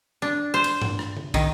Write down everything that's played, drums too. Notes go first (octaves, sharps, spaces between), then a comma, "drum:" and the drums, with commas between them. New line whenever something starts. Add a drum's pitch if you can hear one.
D4
C5
drum: cymbal
drum: tom G2
drum: rim click
drum: tom D3
D#3, drum: kick, cymbal